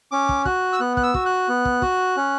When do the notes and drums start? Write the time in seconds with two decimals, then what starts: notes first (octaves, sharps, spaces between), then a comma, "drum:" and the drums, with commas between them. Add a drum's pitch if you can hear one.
0.12 C#4 D6
0.29 drum: kick
0.45 F#4 F#6, drum: kick
0.73 E6
0.80 B3 F#6
0.97 F#6, drum: kick
1.03 E6
1.14 F#4, drum: kick
1.26 F#6
1.48 B3
1.65 drum: kick
1.82 F#4, drum: kick
2.17 C#4